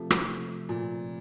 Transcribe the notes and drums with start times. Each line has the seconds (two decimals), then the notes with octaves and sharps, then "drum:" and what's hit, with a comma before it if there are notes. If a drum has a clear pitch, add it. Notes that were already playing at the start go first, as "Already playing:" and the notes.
Already playing: C3 F3 A3
0.10 drum: rim click
0.69 A#2